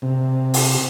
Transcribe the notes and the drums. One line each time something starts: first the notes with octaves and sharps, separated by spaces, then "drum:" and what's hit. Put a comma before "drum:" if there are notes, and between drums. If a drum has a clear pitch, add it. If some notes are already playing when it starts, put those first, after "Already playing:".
C3
drum: open hi-hat